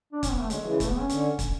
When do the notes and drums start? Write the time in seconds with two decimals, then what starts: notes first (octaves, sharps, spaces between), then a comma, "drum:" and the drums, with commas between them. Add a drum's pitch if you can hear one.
0.13 D4
0.23 C#4, drum: kick, hi-hat
0.31 B3
0.41 A3
0.50 D3 F#3 G#3, drum: hi-hat
0.65 C#3 E3
0.80 A3, drum: kick, hi-hat
0.89 B3
0.99 C#4
1.10 D3, drum: hi-hat
1.39 drum: kick, hi-hat